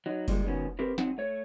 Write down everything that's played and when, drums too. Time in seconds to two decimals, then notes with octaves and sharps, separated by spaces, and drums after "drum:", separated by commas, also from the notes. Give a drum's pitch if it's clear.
0.06 F#3 D#4
0.28 G2 A#2 D3 G3 G#3, drum: kick F#1, open hi-hat
0.45 G#2 B2 D#3 B3 C#4 F#4
0.79 C4 G4 A#4 B4
0.98 F#3 C4 D#4 F#5, drum: snare
1.18 A3 C#5